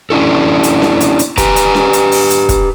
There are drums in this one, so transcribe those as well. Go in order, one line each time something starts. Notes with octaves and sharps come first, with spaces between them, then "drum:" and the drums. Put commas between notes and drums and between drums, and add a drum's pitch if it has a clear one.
C#4 D4 E4 A4
drum: hi-hat
drum: snare C#4
drum: hi-hat
drum: hi-hat
G4 B4 A#5, drum: kick, hi-hat
drum: hi-hat
drum: snare C#4
drum: hi-hat
drum: open hi-hat
drum: hi-hat
drum: kick, hi-hat